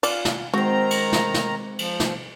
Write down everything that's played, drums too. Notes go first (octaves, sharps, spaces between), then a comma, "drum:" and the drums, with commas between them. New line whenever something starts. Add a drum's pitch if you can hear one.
F4 D5 F#5, drum: cymbal
drum: snare
D#3 G#3 C4 F#4 C5 A#5
drum: cymbal
drum: snare
drum: snare
F3, drum: cymbal
drum: snare